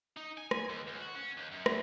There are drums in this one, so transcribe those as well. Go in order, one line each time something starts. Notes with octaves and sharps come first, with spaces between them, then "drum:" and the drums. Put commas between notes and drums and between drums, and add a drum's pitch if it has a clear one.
D#4
G#5
drum: rim click
D#2
C#2
F#4
C#4
D#2
F#2
drum: rim click